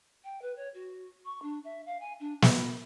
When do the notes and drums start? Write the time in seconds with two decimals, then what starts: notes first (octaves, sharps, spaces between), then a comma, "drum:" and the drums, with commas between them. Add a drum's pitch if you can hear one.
0.24 G5
0.42 B4
0.56 C#5
0.74 F#4
1.25 C#6
1.42 D4
1.64 E5
1.86 F5
2.00 G#5
2.20 D4
2.42 B5, drum: snare